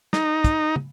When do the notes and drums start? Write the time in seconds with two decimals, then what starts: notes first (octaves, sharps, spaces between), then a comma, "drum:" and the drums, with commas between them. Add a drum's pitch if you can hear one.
0.13 D#4, drum: snare
0.44 drum: kick, hi-hat
0.76 drum: tom